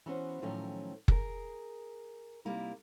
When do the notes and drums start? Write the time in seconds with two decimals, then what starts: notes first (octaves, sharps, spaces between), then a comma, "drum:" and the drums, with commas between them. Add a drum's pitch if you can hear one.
0.06 E3 B3 C#4 F#4 B4 C5
0.42 A2 D#3 F3 F#3 A3 C#4
1.08 G#4 A#4, drum: kick F#1
2.45 C3 G3 A#3 D#4 E4